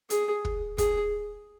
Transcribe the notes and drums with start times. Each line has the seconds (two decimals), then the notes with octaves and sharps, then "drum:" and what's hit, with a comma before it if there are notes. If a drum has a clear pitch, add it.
0.10 G#4, drum: hi-hat
0.45 drum: kick
0.78 G#4, drum: kick, hi-hat